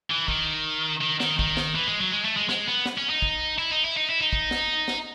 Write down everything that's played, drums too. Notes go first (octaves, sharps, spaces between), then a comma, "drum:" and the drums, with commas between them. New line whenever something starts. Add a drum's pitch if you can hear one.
E3
D#3, drum: kick
D#3
D#3, drum: snare
D#3, drum: kick
drum: snare
E3
G#3
F#3
G#3
A3
G#3
G#3, drum: snare
B3
drum: snare
C#4
D#4
drum: kick
E4
D#4
E4
D#4
E4
D#4
drum: kick
drum: snare
drum: snare